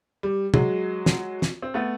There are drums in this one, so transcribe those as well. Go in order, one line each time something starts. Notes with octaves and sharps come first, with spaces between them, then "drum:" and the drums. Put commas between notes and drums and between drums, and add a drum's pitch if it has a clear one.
G3
F#3 G#3, drum: tom
drum: snare
drum: snare
C4
A3 B3